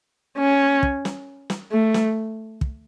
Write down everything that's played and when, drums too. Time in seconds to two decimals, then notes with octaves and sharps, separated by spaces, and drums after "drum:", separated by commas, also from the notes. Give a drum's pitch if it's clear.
0.38 C#4
0.83 drum: kick
1.05 drum: snare
1.50 drum: snare
1.72 A3
1.94 drum: snare
2.61 drum: kick